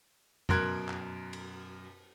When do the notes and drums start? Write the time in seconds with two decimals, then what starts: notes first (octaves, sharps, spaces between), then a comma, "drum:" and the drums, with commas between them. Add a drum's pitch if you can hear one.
0.49 F#2 B2 A#4 C6 F#6 G#6, drum: tom F2
0.89 drum: clap
1.33 drum: cymbal